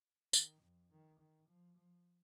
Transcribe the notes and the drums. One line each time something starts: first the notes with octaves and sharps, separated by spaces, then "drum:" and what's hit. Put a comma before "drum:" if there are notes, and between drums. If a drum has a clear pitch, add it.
D#3, drum: tambourine
F2
D#3
D#3
F3
F3